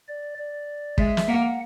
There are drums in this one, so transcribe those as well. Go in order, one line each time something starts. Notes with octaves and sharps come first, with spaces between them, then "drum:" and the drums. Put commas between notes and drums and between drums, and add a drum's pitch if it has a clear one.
D5
D5
G#3 E5, drum: kick
drum: snare
A#3 F#5